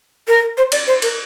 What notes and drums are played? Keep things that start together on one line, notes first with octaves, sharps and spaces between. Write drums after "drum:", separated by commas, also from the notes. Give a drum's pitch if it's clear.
A#4
C5
D5, drum: cymbal
C5
A#4, drum: cymbal